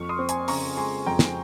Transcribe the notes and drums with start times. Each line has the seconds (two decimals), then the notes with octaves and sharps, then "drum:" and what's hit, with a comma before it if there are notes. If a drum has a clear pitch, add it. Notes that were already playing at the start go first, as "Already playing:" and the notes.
Already playing: F2 C#6 F6
0.09 C6 D#6
0.19 C4
0.29 G#5 C6, drum: hi-hat
0.48 C#3 A#5 C#6, drum: open hi-hat
0.77 G#3 G#5 C6
1.06 F2 G5 A#5
1.19 drum: snare